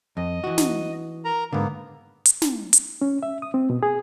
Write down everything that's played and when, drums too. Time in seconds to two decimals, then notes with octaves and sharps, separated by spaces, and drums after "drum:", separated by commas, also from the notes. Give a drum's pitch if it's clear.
0.17 F2 D#5
0.44 E3 F#4
0.58 drum: snare
1.25 A#4 A#5
1.52 G#2 D3 A#3 B3
2.25 drum: hi-hat
2.42 drum: snare
2.73 drum: hi-hat
3.01 C#4
3.23 E5
3.42 D#6
3.54 C4
3.70 B2
3.83 G#4